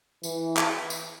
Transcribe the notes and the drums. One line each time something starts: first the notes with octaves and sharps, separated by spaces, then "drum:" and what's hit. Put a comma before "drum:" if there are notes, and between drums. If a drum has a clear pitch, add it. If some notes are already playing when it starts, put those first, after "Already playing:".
E3, drum: tambourine
drum: clap
drum: tambourine